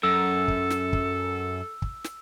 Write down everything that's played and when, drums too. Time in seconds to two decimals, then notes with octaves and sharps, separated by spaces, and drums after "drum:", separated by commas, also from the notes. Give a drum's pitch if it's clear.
0.03 F#2 A4 E6
0.48 drum: kick
0.70 drum: snare
0.93 drum: kick
1.82 drum: kick
2.04 drum: snare